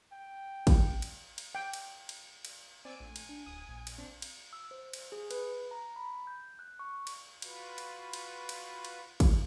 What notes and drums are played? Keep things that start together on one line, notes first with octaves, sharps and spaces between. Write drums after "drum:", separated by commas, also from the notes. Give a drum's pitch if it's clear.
G5
drum: kick, cymbal
drum: cymbal
drum: cymbal
G5
drum: cymbal
drum: cymbal
drum: cymbal
C4 D5 G#5 E6 D7
A#1 A3
drum: cymbal
D4
D1 D#6
A#1
drum: cymbal
C4 D4
drum: cymbal
E6
C5
drum: cymbal
G#4
B4, drum: cymbal
A#5
B5
G6
F#6
C#6
drum: cymbal
F4 F#4 B4, drum: cymbal
drum: cymbal
drum: cymbal
drum: cymbal
drum: cymbal
drum: kick, cymbal